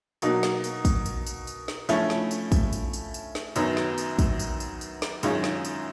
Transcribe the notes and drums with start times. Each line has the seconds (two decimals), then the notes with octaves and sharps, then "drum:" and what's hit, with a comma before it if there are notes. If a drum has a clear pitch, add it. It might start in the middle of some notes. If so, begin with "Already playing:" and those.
0.22 B2 F#3 A#3 D#4 F#4, drum: tambourine
0.43 drum: snare
0.64 drum: tambourine
0.85 drum: kick, tambourine
1.06 drum: tambourine
1.26 drum: tambourine
1.47 drum: tambourine
1.68 drum: snare
1.89 F3 A3 C#4 E4, drum: tambourine
2.10 drum: snare
2.31 drum: tambourine
2.52 drum: kick, tambourine
2.73 drum: tambourine
2.93 drum: tambourine
3.14 drum: tambourine
3.35 drum: snare
3.56 F#2 D#3 F#3 B3, drum: tambourine
3.77 drum: snare
3.98 drum: tambourine
4.19 drum: kick, tambourine
4.39 drum: tambourine
4.60 drum: tambourine
4.81 drum: tambourine
5.02 drum: snare
5.23 F#2 D#3 G#3 C#4 F4, drum: tambourine
5.44 drum: snare
5.65 drum: tambourine